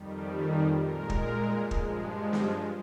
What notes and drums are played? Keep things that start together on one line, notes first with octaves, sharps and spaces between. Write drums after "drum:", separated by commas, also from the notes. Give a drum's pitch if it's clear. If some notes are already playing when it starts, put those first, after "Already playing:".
Already playing: F2 D#3 G3
G4
G#4
A#2 G#3 A#4
drum: kick
G2 F3 G#3, drum: kick
drum: snare